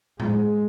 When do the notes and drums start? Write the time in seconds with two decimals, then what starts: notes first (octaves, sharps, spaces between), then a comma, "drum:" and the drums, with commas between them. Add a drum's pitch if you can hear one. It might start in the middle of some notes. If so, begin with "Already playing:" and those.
0.20 G#3, drum: tom A2